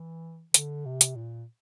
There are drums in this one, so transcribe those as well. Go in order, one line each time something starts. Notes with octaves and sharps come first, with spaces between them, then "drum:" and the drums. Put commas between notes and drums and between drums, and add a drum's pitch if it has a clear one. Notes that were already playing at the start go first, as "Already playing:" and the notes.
Already playing: E3
D3, drum: hi-hat
C3
drum: hi-hat
A#2